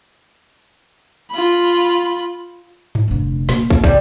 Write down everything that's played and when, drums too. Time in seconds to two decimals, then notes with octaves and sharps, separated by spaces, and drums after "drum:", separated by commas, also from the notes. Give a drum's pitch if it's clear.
1.31 F4 B5
2.95 drum: tom G2
3.08 F1 D3
3.49 A#2, drum: snare
3.70 drum: kick
3.84 C#3 G3, drum: kick